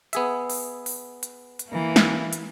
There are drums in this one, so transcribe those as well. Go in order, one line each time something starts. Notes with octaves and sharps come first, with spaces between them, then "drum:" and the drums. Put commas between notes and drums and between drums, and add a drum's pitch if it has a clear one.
B3 G#4 E5, drum: hi-hat
drum: open hi-hat
drum: open hi-hat
drum: hi-hat
drum: hi-hat
E3 A#3
drum: snare
drum: hi-hat